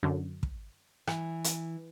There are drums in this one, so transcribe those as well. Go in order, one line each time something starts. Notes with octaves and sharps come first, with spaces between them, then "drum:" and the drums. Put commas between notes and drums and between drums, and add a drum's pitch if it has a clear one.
F#2 D3
drum: kick
E3, drum: rim click
drum: hi-hat